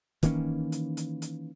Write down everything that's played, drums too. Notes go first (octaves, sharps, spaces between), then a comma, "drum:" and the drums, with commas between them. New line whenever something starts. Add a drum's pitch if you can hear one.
D#3 E3 A#3 C#4, drum: kick, hi-hat
drum: hi-hat
drum: hi-hat
drum: hi-hat